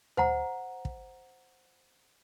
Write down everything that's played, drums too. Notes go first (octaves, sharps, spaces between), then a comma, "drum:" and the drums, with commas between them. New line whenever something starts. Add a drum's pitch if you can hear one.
C5 F#5 A#5, drum: tom D2
drum: kick